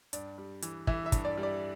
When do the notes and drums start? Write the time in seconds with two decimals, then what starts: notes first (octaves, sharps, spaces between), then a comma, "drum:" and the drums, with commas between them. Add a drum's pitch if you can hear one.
0.13 G2 D5, drum: hi-hat
0.38 G3
0.62 E3, drum: hi-hat
0.87 E3 E5, drum: kick
1.06 E5
1.12 G2, drum: kick, hi-hat
1.25 D5
1.37 G3
1.43 D5